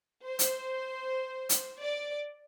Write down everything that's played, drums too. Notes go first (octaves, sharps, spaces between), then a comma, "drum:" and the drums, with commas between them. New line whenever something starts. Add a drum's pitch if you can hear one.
C5
drum: hi-hat
drum: hi-hat
D5